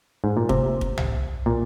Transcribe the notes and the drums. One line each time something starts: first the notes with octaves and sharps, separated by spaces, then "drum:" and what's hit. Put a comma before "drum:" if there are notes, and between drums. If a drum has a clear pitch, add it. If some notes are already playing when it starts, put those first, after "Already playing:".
G#2
A#2
C3, drum: kick
drum: kick
drum: tom C2
A#2